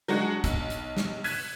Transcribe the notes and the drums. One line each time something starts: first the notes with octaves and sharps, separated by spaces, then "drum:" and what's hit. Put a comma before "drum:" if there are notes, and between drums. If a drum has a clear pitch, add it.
F#3 G#3 D4 F#4
B1, drum: kick, hi-hat
drum: hi-hat
drum: snare
F#6 G#6 B6 D#7 E7, drum: open hi-hat